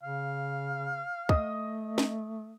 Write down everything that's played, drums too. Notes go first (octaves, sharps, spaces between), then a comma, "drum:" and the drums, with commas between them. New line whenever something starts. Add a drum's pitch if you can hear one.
C#3 F5
A3 D#5 D#6, drum: kick
drum: snare